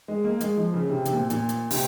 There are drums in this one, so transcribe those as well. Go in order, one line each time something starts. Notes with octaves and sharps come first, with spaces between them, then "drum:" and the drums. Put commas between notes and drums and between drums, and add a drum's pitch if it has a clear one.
G#3
A#3
G#3, drum: hi-hat
F3
C#3
C3
C3, drum: hi-hat
A#2
A#2, drum: hi-hat
drum: hi-hat
C3, drum: open hi-hat